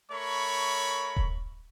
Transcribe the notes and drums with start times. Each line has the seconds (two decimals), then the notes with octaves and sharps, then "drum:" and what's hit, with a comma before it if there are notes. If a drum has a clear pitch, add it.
0.12 A3 A#4 C#5 B5 C#6
1.16 drum: kick D#1